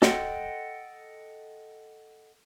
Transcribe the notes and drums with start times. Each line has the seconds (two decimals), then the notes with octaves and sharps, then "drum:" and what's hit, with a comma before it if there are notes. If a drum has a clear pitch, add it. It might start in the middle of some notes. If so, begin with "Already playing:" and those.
0.02 A4 D#5 F#5 G5 C6, drum: snare